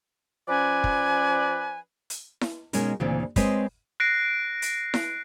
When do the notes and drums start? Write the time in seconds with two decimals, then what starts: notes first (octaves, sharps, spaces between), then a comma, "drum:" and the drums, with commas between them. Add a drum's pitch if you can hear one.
0.48 F3 C#4 B4 D5 G#5
0.84 drum: kick
2.10 drum: hi-hat
2.41 drum: snare E4
2.73 B2 G#3 C#4 D#4 A#4, drum: hi-hat
3.00 D2 A#2 C#3 E3 C4
3.36 G#3 C4 B4 C#5 D#5, drum: kick, hi-hat
4.00 F#6 A#6 C7 D7
4.62 drum: hi-hat
4.94 drum: snare E4